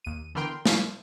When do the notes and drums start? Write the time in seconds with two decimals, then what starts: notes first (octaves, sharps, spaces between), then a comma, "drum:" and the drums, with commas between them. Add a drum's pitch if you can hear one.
0.05 D#2 D#7
0.35 D3 E3 B3 A#4 G5 C6
0.66 F3 G3 E4 F4, drum: snare